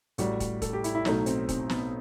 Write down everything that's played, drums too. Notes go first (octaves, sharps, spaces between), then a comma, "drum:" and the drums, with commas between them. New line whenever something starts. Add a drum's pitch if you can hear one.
A1 A2 G3 F#4, drum: hi-hat
drum: kick, hi-hat
A4, drum: kick, hi-hat
G4
E4, drum: hi-hat
E4
B1 A2 F#3 A3 D#4, drum: snare
C4, drum: hi-hat
C4, drum: kick, hi-hat
B3, drum: snare